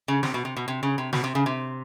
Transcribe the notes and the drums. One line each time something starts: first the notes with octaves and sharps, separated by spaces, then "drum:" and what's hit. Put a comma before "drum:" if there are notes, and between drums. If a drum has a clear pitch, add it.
C#3
C3, drum: snare
B2
C3
B2
C3
C#3
C3
B2, drum: snare
C3
C#3
C3